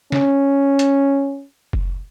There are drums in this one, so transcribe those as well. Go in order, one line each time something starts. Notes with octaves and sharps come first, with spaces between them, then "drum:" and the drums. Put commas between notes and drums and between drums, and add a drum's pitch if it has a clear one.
C#4, drum: snare
drum: hi-hat
drum: kick F1